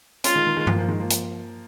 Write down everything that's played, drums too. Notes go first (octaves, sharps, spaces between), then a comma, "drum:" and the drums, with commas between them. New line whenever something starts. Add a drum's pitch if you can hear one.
G#3 C#4 F4, drum: hi-hat
D#3 G#3
D#3
D#3 G#3
F3 A#3, drum: tom G2
F3 A#3
D#3 G#3
F3 A#3
drum: hi-hat